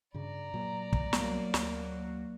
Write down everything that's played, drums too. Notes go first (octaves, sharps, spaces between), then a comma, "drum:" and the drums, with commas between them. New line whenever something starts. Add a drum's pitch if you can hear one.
G2 C#3 D5 A#5
A#2 F#3
drum: kick
C2 F#3 G3 A#3 B3, drum: snare
D2 F#4, drum: snare